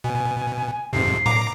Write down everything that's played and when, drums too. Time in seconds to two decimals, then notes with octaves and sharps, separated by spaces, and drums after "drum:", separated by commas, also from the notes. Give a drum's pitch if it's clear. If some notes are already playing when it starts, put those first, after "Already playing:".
0.04 B2 G#5
0.93 F2 G#2 C3 C7
1.26 A#5 D6, drum: tom A2